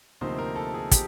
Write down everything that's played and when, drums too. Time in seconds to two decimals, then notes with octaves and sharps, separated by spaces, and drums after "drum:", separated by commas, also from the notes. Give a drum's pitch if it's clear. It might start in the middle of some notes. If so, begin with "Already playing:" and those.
0.21 D2 C3 F3 A#3 D#4 C5
0.38 A#4
0.56 A4
0.74 G#4
0.91 G4, drum: kick, hi-hat